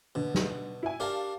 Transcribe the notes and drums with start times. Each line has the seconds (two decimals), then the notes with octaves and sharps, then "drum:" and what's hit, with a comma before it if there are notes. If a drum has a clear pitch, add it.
0.15 B2 D3
0.35 drum: snare
0.83 E4 G#5
1.00 D4 G4 A#4 F5 A5